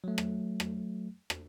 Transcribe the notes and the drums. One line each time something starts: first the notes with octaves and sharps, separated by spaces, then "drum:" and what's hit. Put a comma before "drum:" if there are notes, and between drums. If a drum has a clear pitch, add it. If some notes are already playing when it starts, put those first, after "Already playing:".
F#3 A3
drum: rim click
drum: rim click
drum: rim click